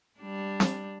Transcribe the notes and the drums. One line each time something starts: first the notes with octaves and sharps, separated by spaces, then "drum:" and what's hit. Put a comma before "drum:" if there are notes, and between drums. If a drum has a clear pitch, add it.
G3 D4
drum: snare